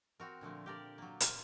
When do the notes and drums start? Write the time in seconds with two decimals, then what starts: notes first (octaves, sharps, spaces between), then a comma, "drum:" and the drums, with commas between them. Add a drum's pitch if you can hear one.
0.20 C4 F#4 A#4
0.41 A#2 D3 F3 A3
0.66 G4 A#4 D5
0.98 F#3 A#3
1.20 A#2 A#3 F4, drum: hi-hat